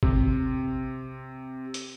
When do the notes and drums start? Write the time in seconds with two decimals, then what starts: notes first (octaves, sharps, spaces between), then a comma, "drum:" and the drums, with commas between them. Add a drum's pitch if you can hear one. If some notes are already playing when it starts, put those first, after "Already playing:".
0.03 C3, drum: kick G#1
1.74 drum: hi-hat